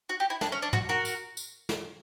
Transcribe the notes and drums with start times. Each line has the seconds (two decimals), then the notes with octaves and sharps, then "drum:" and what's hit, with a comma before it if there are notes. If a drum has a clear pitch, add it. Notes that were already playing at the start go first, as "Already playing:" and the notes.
0.09 F#4
0.20 G4
0.30 E4
0.41 D4, drum: snare
0.52 C#4
0.62 D4
0.73 F#4, drum: tom
0.89 F#4 A#4
1.05 drum: tambourine
1.37 drum: tambourine
1.69 drum: snare